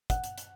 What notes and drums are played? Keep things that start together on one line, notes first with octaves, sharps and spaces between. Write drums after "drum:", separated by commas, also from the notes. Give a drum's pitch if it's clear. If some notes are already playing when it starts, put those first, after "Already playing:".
F#5, drum: kick, hi-hat
drum: hi-hat
drum: hi-hat